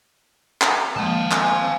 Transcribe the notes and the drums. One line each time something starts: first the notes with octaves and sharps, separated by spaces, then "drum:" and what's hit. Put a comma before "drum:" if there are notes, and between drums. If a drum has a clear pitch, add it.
drum: clap
F3 G#3 A#3 F5 A5
C4 G#5, drum: clap